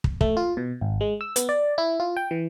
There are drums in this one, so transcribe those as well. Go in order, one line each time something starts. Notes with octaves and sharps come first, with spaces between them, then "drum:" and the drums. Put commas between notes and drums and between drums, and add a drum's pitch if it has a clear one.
drum: kick
A3, drum: kick
F4
B2
G#1
G#3
E6
B3, drum: hi-hat
D5
E4
F4
G5
E3